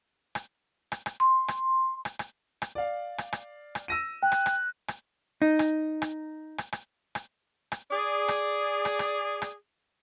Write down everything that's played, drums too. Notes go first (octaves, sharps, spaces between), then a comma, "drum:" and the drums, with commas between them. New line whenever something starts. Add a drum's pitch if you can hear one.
drum: rim click
drum: rim click
drum: rim click
C6
drum: rim click
drum: rim click
drum: rim click
drum: rim click
D5 F5
drum: rim click
drum: rim click
drum: rim click
E6 A#6 D#7
G5 F#6
drum: rim click
drum: rim click
drum: rim click
D#4
drum: rim click
drum: rim click
drum: rim click
drum: rim click
drum: rim click
drum: rim click
G#4 D5
drum: rim click
drum: rim click
drum: rim click
drum: rim click